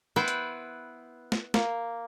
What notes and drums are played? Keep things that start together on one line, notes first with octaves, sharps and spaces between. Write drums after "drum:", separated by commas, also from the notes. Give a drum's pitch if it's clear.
B3 E4 B4 C5 G5
drum: hi-hat
drum: snare
A#3, drum: snare